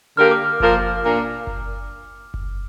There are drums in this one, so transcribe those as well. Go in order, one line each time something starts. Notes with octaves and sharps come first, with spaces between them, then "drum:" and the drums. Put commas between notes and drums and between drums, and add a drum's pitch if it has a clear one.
D3 A#3 G4 A#4 F6
D6
F6
F3 A#3 F4 A#4, drum: kick F#1
A#2 A#3 D4 A#4
drum: kick F#1
drum: kick F#1